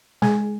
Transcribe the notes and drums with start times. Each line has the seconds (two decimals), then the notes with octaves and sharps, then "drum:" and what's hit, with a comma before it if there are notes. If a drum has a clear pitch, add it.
0.22 G#3 G#5, drum: snare